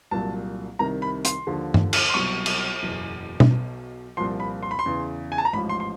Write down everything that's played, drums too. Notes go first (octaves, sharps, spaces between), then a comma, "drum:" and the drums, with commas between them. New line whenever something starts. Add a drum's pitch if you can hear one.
C2 A#2 F#3 A5
C2 C3 D#3 A#5
B5
C6, drum: hi-hat
D#2 D3 F3
drum: tom G2
drum: cymbal
C6
C2 B2 F#3 C#6
drum: cymbal
F#1 E2 B2 F#3
drum: tom B2
B1 B2 F#3
C2 A#2 F3 C6
B5
C6
B5
C6
E2 C#3 E3
G#5
A5
A#5
A1 G#2 F3 B5
C6
C6